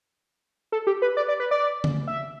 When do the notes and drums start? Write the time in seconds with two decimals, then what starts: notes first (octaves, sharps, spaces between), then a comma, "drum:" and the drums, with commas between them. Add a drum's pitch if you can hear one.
0.72 A4
0.87 G4
1.02 B4
1.17 D5
1.28 D5
1.40 B4
1.51 D5
1.84 drum: tom C#3
2.07 E5